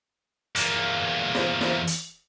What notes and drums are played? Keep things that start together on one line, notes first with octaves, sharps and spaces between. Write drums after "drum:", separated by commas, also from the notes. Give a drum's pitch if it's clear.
E2 A#3, drum: hi-hat
drum: snare
drum: snare
drum: hi-hat